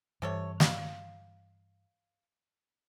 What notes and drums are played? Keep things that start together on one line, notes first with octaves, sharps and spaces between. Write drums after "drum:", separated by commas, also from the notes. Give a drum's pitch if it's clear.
G2 C3 E3 A4 C#5
F5, drum: snare